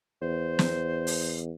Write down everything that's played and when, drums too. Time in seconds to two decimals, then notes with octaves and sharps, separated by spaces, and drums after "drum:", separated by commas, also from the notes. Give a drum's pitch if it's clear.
0.22 E2 C5
0.59 drum: snare
1.07 drum: open hi-hat